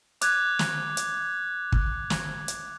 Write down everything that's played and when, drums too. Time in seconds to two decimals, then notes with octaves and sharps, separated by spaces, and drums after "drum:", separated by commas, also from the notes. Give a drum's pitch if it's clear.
0.21 D6 F#6 G#6, drum: hi-hat
0.59 drum: snare
0.97 drum: hi-hat
1.72 drum: kick
2.10 drum: snare
2.48 drum: hi-hat